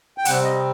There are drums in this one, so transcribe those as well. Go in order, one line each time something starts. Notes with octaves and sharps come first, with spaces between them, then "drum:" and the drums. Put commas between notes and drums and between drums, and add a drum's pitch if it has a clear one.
G5
C3 G3 C4 F#5, drum: hi-hat
D#5